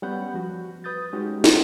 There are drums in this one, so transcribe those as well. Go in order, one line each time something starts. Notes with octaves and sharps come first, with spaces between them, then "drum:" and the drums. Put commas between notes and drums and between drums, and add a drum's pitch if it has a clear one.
G3 B3 C#4 F#5 B5 G6
F3 F#4
B4 D#6 G6 A6
G#3 C#4 D#4 F#4 G4
A#4 D#5 F#5 G5 C6, drum: snare